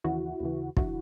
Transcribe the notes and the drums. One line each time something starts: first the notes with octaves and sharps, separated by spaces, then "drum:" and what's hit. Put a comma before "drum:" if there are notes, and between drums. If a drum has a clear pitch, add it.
D#2 C#3 E3 E4 F#4
D#2 C#3 E3
D3 F3 E4 F#4, drum: kick